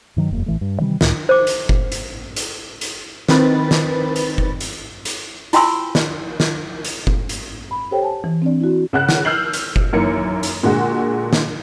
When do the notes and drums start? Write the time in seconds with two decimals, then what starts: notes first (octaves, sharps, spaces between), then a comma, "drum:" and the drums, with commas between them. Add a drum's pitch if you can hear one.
0.16 G2 D#3 F#3
0.31 E1 F#2 A#3
0.46 A1 E3 A3
0.61 G2
0.80 C3 D#3 E3 G3
1.01 C#2 A2, drum: snare
1.29 C5 D6
1.47 drum: hi-hat
1.69 drum: kick F#1
1.92 drum: hi-hat
2.36 drum: hi-hat
2.81 drum: hi-hat
3.28 D#3 C4 B4 B5 A6, drum: snare
3.71 drum: snare
4.16 drum: hi-hat
4.38 drum: kick F#1
4.61 drum: hi-hat
5.05 drum: hi-hat
5.53 E4 F4 G5 G#5 C6 E6, drum: hi-hat
5.95 drum: snare
6.40 drum: snare
6.85 drum: hi-hat
7.07 drum: kick F#1
7.29 drum: hi-hat
7.71 B5
7.91 G4 A4 C5 C#5 G5
8.02 G#5 A5
8.24 E3
8.42 C4 D4 D5
8.60 E4 F#4
8.93 C#3 F#5 F#6
9.09 drum: snare
9.25 E6 F6 G6 C7 F#7
9.53 drum: hi-hat
9.76 drum: kick F#1
9.93 F#2 D#3 E3 A#3 C#7
10.43 drum: hi-hat
10.63 A#2 D3 G#3 F#4
11.33 drum: snare